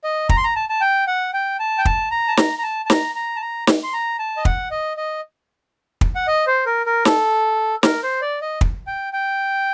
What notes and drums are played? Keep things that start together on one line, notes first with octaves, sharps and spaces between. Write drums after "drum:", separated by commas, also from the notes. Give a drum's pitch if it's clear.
D#5
A#5, drum: kick
C6
A#5
A5
A5
G5
F#5
G5
A5
G5
A5, drum: kick
A#5
A5
A#5, drum: snare
A#5
A5
A5
A#5, drum: snare
A#5
A5
A#5
drum: snare
C6
A#5
A5
D#5
F#5, drum: kick
D#5
D#5
drum: kick
F#5
D#5
C5
A#4
A#4
A4, drum: snare
A#4, drum: snare
C5
D5
D#5
drum: kick
G5
G5